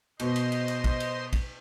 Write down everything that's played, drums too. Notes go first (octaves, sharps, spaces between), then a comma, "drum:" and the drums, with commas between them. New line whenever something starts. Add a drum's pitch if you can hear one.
B2 C5 D#5 C6, drum: cymbal
drum: cymbal
drum: cymbal
drum: cymbal
drum: kick, cymbal
drum: cymbal
drum: kick, cymbal